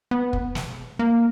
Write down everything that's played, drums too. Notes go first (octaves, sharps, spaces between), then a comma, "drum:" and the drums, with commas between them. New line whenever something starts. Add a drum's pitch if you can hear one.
B3
drum: kick
drum: snare
A#3